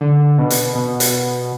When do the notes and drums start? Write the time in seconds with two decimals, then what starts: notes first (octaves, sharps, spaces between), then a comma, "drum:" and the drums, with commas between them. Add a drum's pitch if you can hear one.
0.01 D3
0.38 B2
0.50 drum: hi-hat
0.75 B2
1.00 drum: hi-hat